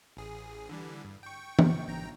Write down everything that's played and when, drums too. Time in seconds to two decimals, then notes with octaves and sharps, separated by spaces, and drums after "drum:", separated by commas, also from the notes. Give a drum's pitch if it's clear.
0.17 A1 G#4
0.69 D3 E3 G3
1.05 G2
1.23 G5 C#6
1.59 drum: tom
1.87 G#1 G5 A#5